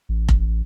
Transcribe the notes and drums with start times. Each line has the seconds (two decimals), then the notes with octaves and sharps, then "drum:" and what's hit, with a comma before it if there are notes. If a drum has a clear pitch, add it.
0.09 A1
0.29 drum: kick F1